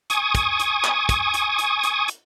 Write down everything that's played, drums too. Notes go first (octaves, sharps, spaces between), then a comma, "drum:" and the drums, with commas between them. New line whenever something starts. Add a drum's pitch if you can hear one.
G#5 C#6 D#6, drum: hi-hat
drum: kick, hi-hat
drum: hi-hat
drum: clap
drum: kick, hi-hat
drum: hi-hat
drum: hi-hat
drum: hi-hat
drum: hi-hat